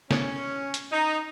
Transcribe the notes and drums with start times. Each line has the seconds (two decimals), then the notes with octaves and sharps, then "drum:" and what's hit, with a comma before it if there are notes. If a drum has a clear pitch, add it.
0.11 C#4, drum: snare
0.74 drum: hi-hat
0.92 D#4